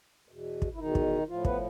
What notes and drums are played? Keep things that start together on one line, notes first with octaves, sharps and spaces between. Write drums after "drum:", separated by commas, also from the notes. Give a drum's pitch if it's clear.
E2 B2
drum: kick
E4
E2 B2 D#3 D#4
drum: kick
A2 F3 F4
B3 B4, drum: kick